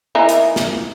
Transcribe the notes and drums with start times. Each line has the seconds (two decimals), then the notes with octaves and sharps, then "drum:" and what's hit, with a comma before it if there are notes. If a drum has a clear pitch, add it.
0.15 E3 A#3 D#4
0.29 drum: hi-hat
0.56 drum: snare